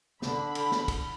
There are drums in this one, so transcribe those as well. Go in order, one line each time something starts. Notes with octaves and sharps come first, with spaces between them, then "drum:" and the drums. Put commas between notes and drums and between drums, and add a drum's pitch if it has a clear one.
D3 B5, drum: snare
drum: cymbal
drum: snare
drum: kick, cymbal